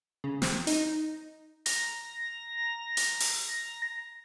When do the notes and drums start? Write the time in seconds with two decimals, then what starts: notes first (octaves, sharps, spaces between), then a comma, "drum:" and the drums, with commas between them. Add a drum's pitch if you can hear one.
0.24 C#3
0.42 C4, drum: snare
0.67 D#4, drum: hi-hat
1.66 A#5 A#6, drum: hi-hat
2.97 drum: hi-hat
3.20 drum: open hi-hat